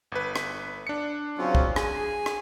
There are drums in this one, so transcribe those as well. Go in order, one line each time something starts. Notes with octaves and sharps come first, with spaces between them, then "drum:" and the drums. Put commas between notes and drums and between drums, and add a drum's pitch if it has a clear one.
G1 B4
drum: rim click
D4 C#7
C#3 F#3 C4 C#4 F4
drum: kick
G#4 G#5, drum: rim click
drum: rim click